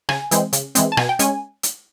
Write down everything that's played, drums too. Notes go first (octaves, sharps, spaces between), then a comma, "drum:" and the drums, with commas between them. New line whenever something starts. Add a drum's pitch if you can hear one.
C#3 G#5, drum: rim click
E3 G#3 C4, drum: hi-hat
C#3, drum: hi-hat
E3 G#3 C4, drum: hi-hat
A5
B2 G#5, drum: rim click
G5
G#3 C#4 G#5, drum: hi-hat
drum: hi-hat